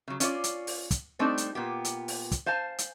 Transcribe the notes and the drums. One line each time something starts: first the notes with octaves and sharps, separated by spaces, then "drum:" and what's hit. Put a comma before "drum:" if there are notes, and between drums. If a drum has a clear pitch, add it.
C#3 F#3
C#4 F4 D5, drum: hi-hat
drum: hi-hat
drum: open hi-hat
drum: kick, hi-hat
G3 A3 C4 D4 D#4
drum: hi-hat
A#2 B3 G4
drum: hi-hat
drum: open hi-hat
drum: kick, hi-hat
C5 F5 G#5 A5
drum: hi-hat